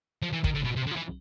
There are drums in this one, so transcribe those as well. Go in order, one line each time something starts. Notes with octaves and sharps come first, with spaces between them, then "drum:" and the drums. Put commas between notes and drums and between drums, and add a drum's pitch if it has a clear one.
F3
E3
D#3, drum: kick
D3
B2
C3
D3
F3
E3